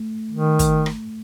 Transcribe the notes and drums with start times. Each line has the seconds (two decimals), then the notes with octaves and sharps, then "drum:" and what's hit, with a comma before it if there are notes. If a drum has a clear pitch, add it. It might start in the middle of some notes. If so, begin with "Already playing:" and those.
Already playing: A3
0.32 D#3
0.59 drum: kick, hi-hat
0.86 drum: rim click